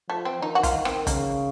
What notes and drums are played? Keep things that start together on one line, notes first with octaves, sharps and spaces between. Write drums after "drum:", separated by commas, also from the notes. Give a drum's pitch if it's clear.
F3 A3
C4
D#3 D#4
F#4
F4, drum: kick, hi-hat
D#3
C4, drum: rim click
C#3 A#3, drum: kick, hi-hat